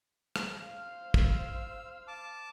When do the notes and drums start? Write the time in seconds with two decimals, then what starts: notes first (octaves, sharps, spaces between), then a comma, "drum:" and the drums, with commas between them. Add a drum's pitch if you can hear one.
0.36 drum: rim click
0.58 C5 F5
1.14 E6, drum: kick
2.08 A5 D6